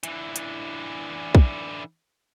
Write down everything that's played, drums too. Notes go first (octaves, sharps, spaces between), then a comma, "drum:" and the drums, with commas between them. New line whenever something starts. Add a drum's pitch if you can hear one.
D3 E3, drum: hi-hat
drum: hi-hat
drum: kick